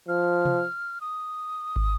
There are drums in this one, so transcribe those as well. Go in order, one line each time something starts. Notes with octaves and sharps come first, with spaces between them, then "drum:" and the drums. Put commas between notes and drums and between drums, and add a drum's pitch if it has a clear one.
F3 F6
drum: tom C3
D#6
drum: kick